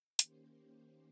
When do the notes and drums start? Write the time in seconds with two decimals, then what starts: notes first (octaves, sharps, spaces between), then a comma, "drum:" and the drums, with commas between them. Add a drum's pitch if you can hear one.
0.19 D#3 A#3 C#4 G4 C5, drum: hi-hat